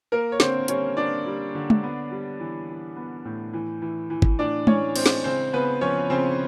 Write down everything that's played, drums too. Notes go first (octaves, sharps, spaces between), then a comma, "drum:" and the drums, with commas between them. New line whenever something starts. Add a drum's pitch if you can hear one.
A#3 A#4
C#5
D3 C4 C5, drum: snare
G3 C#4 C#5, drum: hi-hat
A#3 D4 D5
G3
D3
drum: tom
B3
G3
E3
E3
B3
A2
E3
E3
E3
drum: kick
A2 D4 D5
E3 C#4 C#5, drum: tom
G#3 C4 C5, drum: cymbal
drum: snare
C#3 C4 C5
C#3 B3 B4
F3 C#4 C#5
C#3 C4 C5